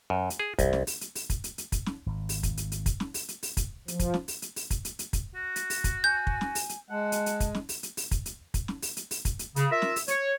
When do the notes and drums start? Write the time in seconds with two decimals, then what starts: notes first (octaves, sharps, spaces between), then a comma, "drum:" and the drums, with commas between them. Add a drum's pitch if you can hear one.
0.10 F#2
0.30 drum: hi-hat
0.39 G#4
0.59 C2, drum: kick, hi-hat
0.73 drum: snare
0.87 drum: open hi-hat
1.01 drum: hi-hat
1.15 drum: open hi-hat
1.30 drum: kick, hi-hat
1.44 drum: hi-hat
1.58 drum: hi-hat
1.72 drum: kick, hi-hat
1.86 drum: snare
2.06 G#1
2.29 drum: open hi-hat
2.43 drum: kick, hi-hat
2.57 drum: hi-hat
2.72 drum: hi-hat
2.86 drum: kick, hi-hat
3.00 drum: snare
3.14 drum: open hi-hat
3.28 drum: hi-hat
3.43 drum: open hi-hat
3.57 drum: kick, hi-hat
3.88 F3, drum: hi-hat
3.99 drum: kick, hi-hat
4.14 drum: snare
4.28 drum: open hi-hat
4.42 drum: hi-hat
4.56 drum: open hi-hat
4.70 drum: kick, hi-hat
4.85 drum: hi-hat
4.99 drum: hi-hat
5.13 drum: kick, hi-hat
5.35 F#4
5.56 drum: hi-hat
5.70 drum: open hi-hat
5.84 drum: kick, hi-hat
6.04 G#5 G6
6.27 drum: kick
6.41 drum: snare
6.55 drum: open hi-hat
6.69 drum: hi-hat
6.90 G#3 F#5 A5
7.12 drum: hi-hat
7.26 drum: hi-hat
7.40 drum: kick, hi-hat
7.55 drum: snare
7.69 drum: open hi-hat
7.83 drum: hi-hat
7.97 drum: open hi-hat
8.11 drum: kick, hi-hat
8.26 drum: hi-hat
8.54 drum: kick, hi-hat
8.68 drum: snare
8.82 drum: open hi-hat
8.97 drum: hi-hat
9.11 drum: open hi-hat
9.25 drum: kick, hi-hat
9.39 drum: hi-hat
9.56 C#3, drum: hi-hat
9.71 F4 A#4 E5
9.82 drum: snare
9.96 drum: open hi-hat
10.08 C#5, drum: hi-hat